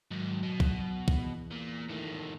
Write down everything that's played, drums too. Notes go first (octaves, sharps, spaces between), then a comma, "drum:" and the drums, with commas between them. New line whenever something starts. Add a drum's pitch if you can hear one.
G#2 D#3 F#3
B2
drum: kick
E2, drum: kick
A#2
A2 D#3